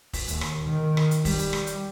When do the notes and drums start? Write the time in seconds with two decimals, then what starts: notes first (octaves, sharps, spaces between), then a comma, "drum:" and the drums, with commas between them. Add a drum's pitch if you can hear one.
0.13 drum: kick, open hi-hat
0.28 D#2, drum: hi-hat
0.41 drum: rim click
0.65 D#3
0.97 drum: rim click
1.11 drum: hi-hat
1.25 G3, drum: kick, open hi-hat
1.39 drum: hi-hat
1.53 drum: rim click
1.67 drum: hi-hat